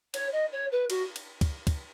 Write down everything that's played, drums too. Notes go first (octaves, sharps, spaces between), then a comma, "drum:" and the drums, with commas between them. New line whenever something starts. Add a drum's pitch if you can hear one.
C#5, drum: cymbal
D#5
C#5
B4
F#4, drum: cymbal
drum: cymbal
drum: kick, cymbal
drum: kick, cymbal